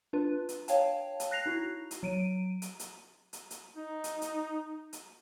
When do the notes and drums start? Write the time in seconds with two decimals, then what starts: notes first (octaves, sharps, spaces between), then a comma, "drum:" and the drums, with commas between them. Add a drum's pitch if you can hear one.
0.13 D4 F4 B4
0.49 drum: hi-hat
0.68 C#5 F5 G5 A5, drum: hi-hat
1.20 drum: hi-hat
1.31 F#6 A#6 C7 F7
1.46 D#4 E4 F#4
1.91 drum: hi-hat
2.03 F#3 D7 D#7
2.62 drum: hi-hat
2.80 drum: hi-hat
3.33 drum: hi-hat
3.51 drum: hi-hat
3.76 D#4
4.04 drum: hi-hat
4.22 drum: hi-hat
4.93 drum: hi-hat